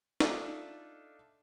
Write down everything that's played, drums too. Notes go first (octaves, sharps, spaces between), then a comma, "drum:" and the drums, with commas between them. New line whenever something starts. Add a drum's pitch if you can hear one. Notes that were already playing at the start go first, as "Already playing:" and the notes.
D4 D#4 F4 A4 D5 E5, drum: snare